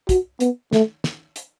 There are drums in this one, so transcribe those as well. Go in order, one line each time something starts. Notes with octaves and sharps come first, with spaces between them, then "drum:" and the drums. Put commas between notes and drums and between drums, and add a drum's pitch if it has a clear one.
F#4, drum: kick, hi-hat
B3, drum: hi-hat
A3, drum: snare
drum: snare
drum: hi-hat